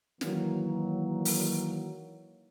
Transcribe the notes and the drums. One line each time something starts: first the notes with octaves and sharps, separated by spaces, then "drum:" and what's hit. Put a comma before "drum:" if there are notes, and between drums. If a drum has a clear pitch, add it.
D#3 E3 F#3 A#3, drum: snare
drum: open hi-hat